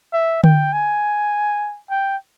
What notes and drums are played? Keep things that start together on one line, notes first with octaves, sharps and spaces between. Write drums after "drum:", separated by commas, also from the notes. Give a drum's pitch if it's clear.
E5
G5, drum: tom D3
G#5
G5